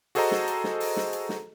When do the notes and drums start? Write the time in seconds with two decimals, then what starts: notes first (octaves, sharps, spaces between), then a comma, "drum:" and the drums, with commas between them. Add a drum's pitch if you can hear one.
0.15 F#4 G#4 A4 C5 D#5 A#5, drum: open hi-hat
0.31 drum: snare
0.48 drum: hi-hat
0.64 drum: snare
0.80 drum: open hi-hat
0.97 drum: snare
1.13 drum: hi-hat
1.29 drum: snare